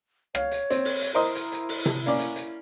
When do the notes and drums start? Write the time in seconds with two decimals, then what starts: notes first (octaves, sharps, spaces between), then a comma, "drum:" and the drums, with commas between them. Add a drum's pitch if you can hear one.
0.35 C#5 F5, drum: rim click
0.51 drum: hi-hat
0.70 C4, drum: hi-hat
0.85 drum: open hi-hat
1.02 drum: hi-hat
1.14 E4 A#4 C5 D#5
1.35 drum: hi-hat
1.52 drum: hi-hat
1.69 drum: open hi-hat
1.86 drum: tom C3
2.06 A#3 C#4 D5
2.19 drum: hi-hat
2.36 drum: hi-hat